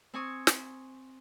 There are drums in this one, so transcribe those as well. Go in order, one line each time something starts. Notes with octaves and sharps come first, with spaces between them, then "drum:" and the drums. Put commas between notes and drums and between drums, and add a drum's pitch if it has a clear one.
C4 G#5 C#6 D#6
drum: snare